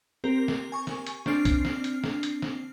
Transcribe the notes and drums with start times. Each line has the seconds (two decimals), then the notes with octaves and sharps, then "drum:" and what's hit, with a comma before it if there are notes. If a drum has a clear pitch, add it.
0.24 C4 G4 A#4
0.48 drum: snare
0.72 G#5 C#6
0.87 drum: snare
1.07 drum: hi-hat
1.26 C4 D4 F6 C7, drum: snare
1.45 drum: kick, hi-hat
1.65 drum: snare
1.84 drum: hi-hat
2.04 drum: snare
2.23 drum: hi-hat
2.42 drum: snare